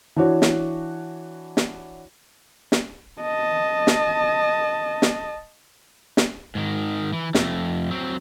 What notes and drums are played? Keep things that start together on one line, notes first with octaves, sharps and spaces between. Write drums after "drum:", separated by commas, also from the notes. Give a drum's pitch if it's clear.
E3 D4 F#4 C#5
drum: snare
drum: snare
drum: snare
D#5 A5
drum: snare
drum: snare
drum: snare
G#2 D#3
E3
F2 A3, drum: snare
F#3 C4